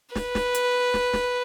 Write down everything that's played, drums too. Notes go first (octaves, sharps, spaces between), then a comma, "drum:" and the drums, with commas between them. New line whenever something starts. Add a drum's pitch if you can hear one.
B4, drum: snare
drum: snare
drum: hi-hat
drum: snare
drum: snare